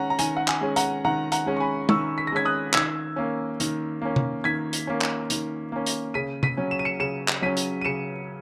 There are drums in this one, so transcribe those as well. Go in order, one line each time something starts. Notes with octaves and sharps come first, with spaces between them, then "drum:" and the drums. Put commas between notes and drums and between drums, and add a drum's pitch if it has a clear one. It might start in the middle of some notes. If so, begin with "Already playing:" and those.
Already playing: D#3 G#3 C#4 F#5 A#5
A#5
D#3 G#5, drum: hi-hat
F#5
G#5, drum: clap
G#3 C#4
F#5 A#5, drum: hi-hat
D#3 F#5 A#5
F#5 A#5, drum: hi-hat
G#3 C#4
C#6
G#5 B5
D#3 C#6 E6, drum: tom
B6
A#6
G#3 C#4 G#6 B6
D#6 F#6
D#3 E6 G#6, drum: clap
A#3 C#4
D#3, drum: hi-hat
A#3 C#4
drum: tom
D#3 G#6 B6
drum: hi-hat
A#3 C#4
drum: clap
D#3, drum: hi-hat
A#3 C#4
drum: hi-hat
C#3 B6 D#7
B6 D#7, drum: tom
F#3 C#4
E7
D#7
C#7 E7
C#3 C#7 E7
drum: clap
F#3 C#4 B6 D#7
drum: hi-hat
D#7
C#3 C#7 E7